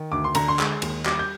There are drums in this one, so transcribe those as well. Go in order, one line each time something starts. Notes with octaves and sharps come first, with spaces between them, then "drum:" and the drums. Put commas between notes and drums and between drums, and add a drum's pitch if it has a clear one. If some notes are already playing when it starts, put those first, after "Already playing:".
Already playing: D#3
D2 D6
C6
D3 A#5, drum: cymbal
C6
G#3, drum: clap
D#2, drum: cymbal
G3 D6, drum: clap
G6